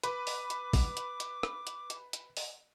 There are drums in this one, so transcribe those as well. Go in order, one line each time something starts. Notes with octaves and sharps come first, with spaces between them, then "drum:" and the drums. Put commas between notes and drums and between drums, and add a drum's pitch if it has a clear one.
B4 D6, drum: hi-hat
drum: open hi-hat
drum: hi-hat
drum: kick A1, open hi-hat
drum: hi-hat
drum: hi-hat
drum: rim click
drum: hi-hat
drum: hi-hat
drum: hi-hat
drum: open hi-hat